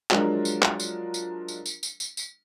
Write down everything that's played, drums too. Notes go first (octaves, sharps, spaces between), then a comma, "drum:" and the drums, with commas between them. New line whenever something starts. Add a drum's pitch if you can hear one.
F3 F#3 G#3 D4 F4 A#4, drum: clap
drum: tambourine
drum: clap
drum: tambourine
drum: tambourine
drum: tambourine
drum: tambourine
drum: tambourine
drum: tambourine
drum: tambourine